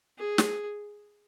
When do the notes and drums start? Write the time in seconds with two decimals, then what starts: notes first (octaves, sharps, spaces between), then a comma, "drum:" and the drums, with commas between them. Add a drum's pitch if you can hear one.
0.18 G#4
0.38 drum: snare